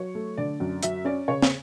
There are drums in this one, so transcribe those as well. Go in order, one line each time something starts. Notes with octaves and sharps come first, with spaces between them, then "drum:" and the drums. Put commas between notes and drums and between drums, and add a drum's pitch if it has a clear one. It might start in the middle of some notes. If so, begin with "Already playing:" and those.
Already playing: F#3 C#5
A3
D3 D5
F#2
F#3 E5, drum: hi-hat
C#4 D5
C#3 C#5
drum: snare